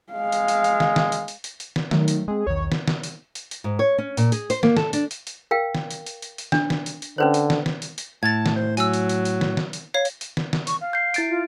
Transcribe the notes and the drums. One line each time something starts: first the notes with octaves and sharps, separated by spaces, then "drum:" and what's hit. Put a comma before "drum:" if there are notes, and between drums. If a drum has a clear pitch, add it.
G#3 F5
drum: hi-hat
drum: hi-hat
drum: hi-hat
drum: snare
drum: snare
drum: hi-hat
drum: hi-hat
drum: hi-hat
drum: hi-hat
drum: snare
D#3 F#3 A3, drum: snare
drum: hi-hat
G#3 C4 G#4
B1 E2 D#3 C#5
drum: snare
drum: snare
drum: hi-hat
drum: hi-hat
drum: hi-hat
G#2
C#5
C#4
A#2, drum: hi-hat
G#4, drum: hi-hat
C5, drum: hi-hat
A#3, drum: snare
A4, drum: snare
D4, drum: hi-hat
drum: hi-hat
drum: hi-hat
A#4 F5 G5
drum: snare
drum: hi-hat
drum: hi-hat
drum: hi-hat
drum: hi-hat
D4, drum: snare
drum: snare
drum: hi-hat
drum: hi-hat
D3 C#4 B4 C5
drum: hi-hat
drum: snare
drum: snare
drum: hi-hat
drum: hi-hat
A2 A5 G#6 A6
drum: snare
C5
F#3 G#5 E6, drum: hi-hat
drum: hi-hat
drum: hi-hat
drum: hi-hat
drum: snare
drum: snare
drum: hi-hat
C#5 F5
drum: hi-hat
drum: hi-hat
drum: snare
drum: snare
C#6, drum: hi-hat
F5
G6 C7
E4 A6 D7, drum: hi-hat
F4